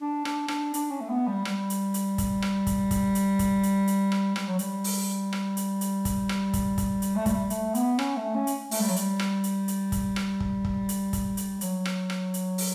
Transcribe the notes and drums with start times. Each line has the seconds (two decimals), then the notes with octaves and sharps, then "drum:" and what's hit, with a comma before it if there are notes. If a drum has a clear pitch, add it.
0.01 D4
0.25 D4, drum: rim click
0.48 D4, drum: rim click
0.74 D4, drum: hi-hat
0.91 C#4
1.01 A3
1.09 B3
1.27 G3
1.45 G3, drum: rim click
1.70 drum: hi-hat
1.94 drum: hi-hat
2.18 drum: kick, hi-hat
2.42 drum: rim click
2.67 drum: kick, hi-hat
2.91 drum: kick, hi-hat
3.15 drum: hi-hat
3.39 drum: kick, hi-hat
3.63 drum: hi-hat
3.88 drum: hi-hat
4.12 drum: rim click
4.36 G3, drum: rim click
4.47 F#3
4.59 G3, drum: hi-hat
4.84 drum: open hi-hat
5.33 drum: rim click
5.57 drum: hi-hat
5.81 drum: hi-hat
6.05 drum: kick, hi-hat
6.29 drum: rim click
6.53 drum: kick, hi-hat
6.78 drum: kick, hi-hat
7.02 drum: hi-hat
7.16 A3
7.26 G3, drum: kick, hi-hat
7.50 A3, drum: hi-hat
7.75 B3, drum: hi-hat
7.99 C#4, drum: rim click
8.17 A3
8.35 C#4
8.47 drum: hi-hat
8.71 A3, drum: open hi-hat
8.80 G3
8.88 F#3
8.96 G3, drum: hi-hat
9.19 drum: rim click
9.44 drum: hi-hat
9.68 drum: hi-hat
9.92 drum: kick, hi-hat
10.16 drum: rim click
10.40 drum: kick
10.65 drum: kick
10.89 drum: hi-hat
11.13 drum: kick, hi-hat
11.37 drum: hi-hat
11.61 F#3, drum: hi-hat
11.85 drum: rim click
12.10 drum: rim click
12.34 drum: hi-hat
12.58 drum: open hi-hat